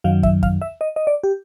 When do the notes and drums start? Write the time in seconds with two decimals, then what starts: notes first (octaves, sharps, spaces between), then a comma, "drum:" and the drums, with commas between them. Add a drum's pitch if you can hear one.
0.04 F#2 D#3 F#3 F5
0.23 E5, drum: kick
0.43 F5, drum: kick
0.62 E5
0.81 D#5
0.96 D#5
1.07 D5
1.23 G4